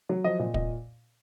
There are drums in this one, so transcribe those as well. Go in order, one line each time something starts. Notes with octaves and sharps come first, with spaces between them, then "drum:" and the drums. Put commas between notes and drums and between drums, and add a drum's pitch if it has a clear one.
F#3 C#5
F3 D#5
A#2 D#5
A#2 D#5, drum: kick